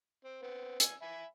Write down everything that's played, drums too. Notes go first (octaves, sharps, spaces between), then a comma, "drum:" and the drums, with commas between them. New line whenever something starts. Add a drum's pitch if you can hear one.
C4
B3 C4
G#5 E6, drum: hi-hat
E5 G#5 B5